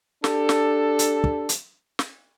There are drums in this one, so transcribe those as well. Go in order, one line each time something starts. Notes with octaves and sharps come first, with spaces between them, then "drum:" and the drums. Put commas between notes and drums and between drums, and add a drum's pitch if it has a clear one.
D4 G4 A4, drum: snare
drum: snare
drum: hi-hat
drum: kick
drum: hi-hat
drum: snare